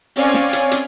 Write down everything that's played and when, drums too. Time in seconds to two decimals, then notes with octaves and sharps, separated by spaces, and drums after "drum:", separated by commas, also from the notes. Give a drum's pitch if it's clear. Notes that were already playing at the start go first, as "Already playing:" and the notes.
0.16 C4 C#4 C#5 D5 F5 G#5, drum: open hi-hat
0.34 drum: snare
0.53 drum: hi-hat
0.71 drum: hi-hat